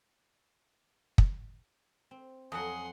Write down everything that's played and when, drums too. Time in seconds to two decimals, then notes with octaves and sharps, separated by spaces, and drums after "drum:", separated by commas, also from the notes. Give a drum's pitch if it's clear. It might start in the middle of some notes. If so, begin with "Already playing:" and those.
1.18 drum: kick
2.11 C4
2.52 F2 F#3 F#5 G#5 C6 D#6